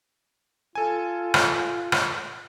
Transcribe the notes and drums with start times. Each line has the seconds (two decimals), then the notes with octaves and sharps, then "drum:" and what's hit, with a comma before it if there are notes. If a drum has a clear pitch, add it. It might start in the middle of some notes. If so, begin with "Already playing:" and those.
0.75 F4 A4 G#5
1.34 drum: rim click
1.92 drum: rim click